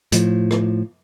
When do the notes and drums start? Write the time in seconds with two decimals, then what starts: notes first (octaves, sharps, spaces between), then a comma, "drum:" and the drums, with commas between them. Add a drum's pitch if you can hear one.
0.12 A2 F3, drum: hi-hat
0.51 drum: rim click